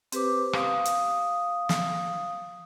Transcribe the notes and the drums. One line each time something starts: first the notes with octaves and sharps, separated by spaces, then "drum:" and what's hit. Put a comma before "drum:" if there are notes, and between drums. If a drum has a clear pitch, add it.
C4 G4 B4 C5 D6, drum: hi-hat
F5 D#6, drum: rim click
drum: hi-hat
drum: snare